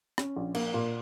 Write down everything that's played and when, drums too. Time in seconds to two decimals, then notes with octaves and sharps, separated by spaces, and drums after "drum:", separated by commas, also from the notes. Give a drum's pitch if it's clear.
0.18 C#4, drum: rim click
0.36 A#1
0.54 A#3, drum: cymbal
0.74 A#2